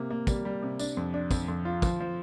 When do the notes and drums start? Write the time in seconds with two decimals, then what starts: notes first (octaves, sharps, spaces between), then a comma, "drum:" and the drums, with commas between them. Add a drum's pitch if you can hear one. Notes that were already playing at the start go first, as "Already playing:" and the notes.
Already playing: C3 A#3
0.10 A#3
0.27 G3, drum: kick, tambourine
0.45 G3
0.62 C3
0.79 D4, drum: tambourine
0.97 F2
1.14 D4
1.31 F2, drum: kick, tambourine
1.48 F2
1.65 F4
1.82 F3, drum: kick, tambourine
2.00 F3